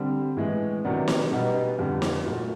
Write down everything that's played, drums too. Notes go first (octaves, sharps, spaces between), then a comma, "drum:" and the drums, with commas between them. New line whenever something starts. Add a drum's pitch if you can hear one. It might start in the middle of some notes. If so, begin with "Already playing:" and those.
Already playing: D3 G3 C4
A2 E3 G#3
C3 D#3 F#3 B3 D4
drum: snare
B2 G3 B3 D#4
F2 D3 G3 B3
drum: snare
A#2 F#3 A3